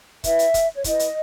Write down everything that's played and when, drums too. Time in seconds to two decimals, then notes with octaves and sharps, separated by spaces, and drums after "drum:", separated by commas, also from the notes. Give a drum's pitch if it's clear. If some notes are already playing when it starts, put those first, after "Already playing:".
0.24 E4 B4 E5, drum: kick, hi-hat
0.39 drum: hi-hat
0.54 drum: kick, hi-hat
0.74 C#5
0.84 E4 B4 D#5, drum: kick, hi-hat
0.99 drum: hi-hat